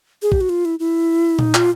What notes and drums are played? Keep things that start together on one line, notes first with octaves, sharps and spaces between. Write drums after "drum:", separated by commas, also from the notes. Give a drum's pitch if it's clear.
G#4
G4, drum: kick
F#4
F4
E4
E4
D#4, drum: tom A#2
F4, drum: clap